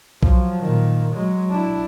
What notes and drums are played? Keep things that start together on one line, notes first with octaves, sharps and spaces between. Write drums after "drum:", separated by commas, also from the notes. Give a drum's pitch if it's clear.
F3 F#3, drum: kick B1
A#2 D#3
F#3 G#3
D4 E4